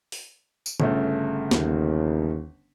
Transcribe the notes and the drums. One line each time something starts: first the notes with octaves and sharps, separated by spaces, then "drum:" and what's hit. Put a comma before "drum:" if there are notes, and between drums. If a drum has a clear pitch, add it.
drum: open hi-hat
drum: tambourine
G1 C#3 A3, drum: tom
D#2, drum: snare